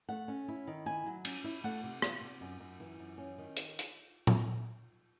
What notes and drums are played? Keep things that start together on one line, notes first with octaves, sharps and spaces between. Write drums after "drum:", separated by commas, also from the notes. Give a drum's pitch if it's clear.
A3 F#5
C#4
E4
D#3
E4 G#5
F#3
C#4, drum: cymbal
E4
A3 F#5
C3
C3, drum: rim click
C3
F#2
F#2
E3
F#2
C#4
D#3
drum: hi-hat
drum: hi-hat
drum: tom A#2